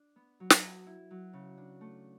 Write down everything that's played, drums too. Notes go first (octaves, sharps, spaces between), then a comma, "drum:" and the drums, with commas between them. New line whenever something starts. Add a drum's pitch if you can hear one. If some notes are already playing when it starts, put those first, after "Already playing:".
Already playing: D4
B3
F#3
drum: snare
B4
E4
F#3
C#3
D4
A3